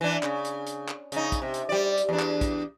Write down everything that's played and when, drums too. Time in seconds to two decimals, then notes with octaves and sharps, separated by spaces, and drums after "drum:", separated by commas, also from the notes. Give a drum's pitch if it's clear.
0.01 E3 D4
0.23 C#3, drum: clap
0.45 drum: hi-hat
0.67 drum: hi-hat
0.88 drum: clap
1.12 C#3 D#4, drum: hi-hat
1.32 drum: kick, hi-hat
1.42 C3
1.54 drum: hi-hat
1.69 G3 D5
1.98 drum: hi-hat
2.09 E2 D4
2.19 drum: clap
2.41 drum: kick, hi-hat